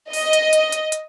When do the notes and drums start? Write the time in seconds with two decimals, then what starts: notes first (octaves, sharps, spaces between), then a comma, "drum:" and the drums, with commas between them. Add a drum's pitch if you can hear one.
0.13 D#5, drum: open hi-hat
0.33 drum: hi-hat
0.53 drum: hi-hat
0.72 drum: hi-hat
0.92 drum: hi-hat